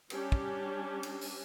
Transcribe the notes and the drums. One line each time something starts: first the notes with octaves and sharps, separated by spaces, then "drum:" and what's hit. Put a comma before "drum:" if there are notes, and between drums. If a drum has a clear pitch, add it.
G3 C#4 D4 G4, drum: cymbal
drum: kick
drum: cymbal
drum: open hi-hat